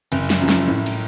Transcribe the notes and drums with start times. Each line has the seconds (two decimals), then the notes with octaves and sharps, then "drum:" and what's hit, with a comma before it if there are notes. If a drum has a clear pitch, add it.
0.12 F#1, drum: cymbal
0.30 drum: snare
0.39 F#2 F3
0.49 drum: snare
0.67 A2
0.86 drum: cymbal